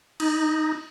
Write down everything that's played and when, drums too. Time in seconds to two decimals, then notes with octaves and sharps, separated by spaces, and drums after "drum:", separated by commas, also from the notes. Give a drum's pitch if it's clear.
0.20 D#4, drum: cymbal